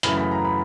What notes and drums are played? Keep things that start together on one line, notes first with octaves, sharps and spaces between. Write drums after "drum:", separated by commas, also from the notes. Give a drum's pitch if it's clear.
F#2 C#3 E3 A3 B5, drum: hi-hat
B5
A#5
B5